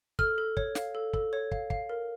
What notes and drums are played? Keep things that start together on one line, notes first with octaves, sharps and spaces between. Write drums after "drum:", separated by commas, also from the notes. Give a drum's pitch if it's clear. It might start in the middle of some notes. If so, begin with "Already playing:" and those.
A4 F6, drum: kick
A4
C#5, drum: kick
F5, drum: snare
A4
A4, drum: kick
C#5
F5, drum: kick
F5, drum: kick
A#4